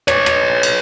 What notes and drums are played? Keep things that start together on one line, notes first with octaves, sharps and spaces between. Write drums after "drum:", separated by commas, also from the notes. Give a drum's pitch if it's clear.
B4 C#5, drum: rim click
drum: rim click
drum: cymbal